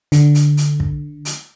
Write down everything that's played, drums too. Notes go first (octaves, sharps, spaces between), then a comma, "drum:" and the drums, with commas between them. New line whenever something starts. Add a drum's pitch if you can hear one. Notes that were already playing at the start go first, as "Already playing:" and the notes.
D3, drum: hi-hat
drum: hi-hat
drum: hi-hat
drum: kick
drum: hi-hat